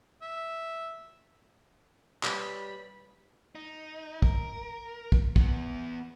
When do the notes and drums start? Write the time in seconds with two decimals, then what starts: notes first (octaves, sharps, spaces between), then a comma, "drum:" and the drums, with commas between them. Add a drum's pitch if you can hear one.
0.22 E5
2.23 G3 B4 C#5 B5, drum: clap
3.55 D#4
4.22 A#4, drum: kick
5.12 drum: kick
5.36 E3 B3, drum: kick